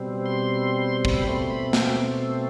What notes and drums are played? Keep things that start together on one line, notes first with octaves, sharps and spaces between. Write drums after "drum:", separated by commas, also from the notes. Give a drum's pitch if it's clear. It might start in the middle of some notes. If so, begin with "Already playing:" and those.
Already playing: B2 G3 C4
C6
drum: kick
B5
B2 A3 C4 C6
B5
G5, drum: snare